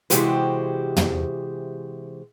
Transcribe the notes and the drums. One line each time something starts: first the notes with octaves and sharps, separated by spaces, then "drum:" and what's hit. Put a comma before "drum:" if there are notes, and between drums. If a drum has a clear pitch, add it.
C3 E3 G#3 F#4 G4 C5, drum: hi-hat
drum: tom